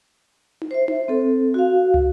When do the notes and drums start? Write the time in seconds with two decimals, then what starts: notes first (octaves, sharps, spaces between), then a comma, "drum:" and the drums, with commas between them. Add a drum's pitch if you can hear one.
0.62 drum: tom D#4
0.71 C5 E5
0.88 drum: tom D#4
1.08 C4 A4
1.54 F#4 F5
1.94 drum: tom